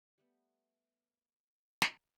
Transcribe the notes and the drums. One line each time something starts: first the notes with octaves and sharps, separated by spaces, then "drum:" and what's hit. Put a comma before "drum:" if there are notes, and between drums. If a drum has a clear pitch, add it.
G3 A3 B3
drum: snare